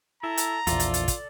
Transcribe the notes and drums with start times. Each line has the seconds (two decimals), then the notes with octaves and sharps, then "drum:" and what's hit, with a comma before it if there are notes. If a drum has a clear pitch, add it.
0.23 E4 A4 A#5
0.37 drum: hi-hat
0.67 A#1 E2 F4 A4 D5, drum: hi-hat
0.80 drum: hi-hat
0.94 drum: hi-hat
1.08 drum: kick, hi-hat